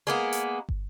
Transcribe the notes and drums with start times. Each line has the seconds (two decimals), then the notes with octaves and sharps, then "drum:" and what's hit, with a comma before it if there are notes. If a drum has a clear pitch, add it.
0.07 G#3 A#3 B3
0.33 drum: hi-hat
0.69 drum: kick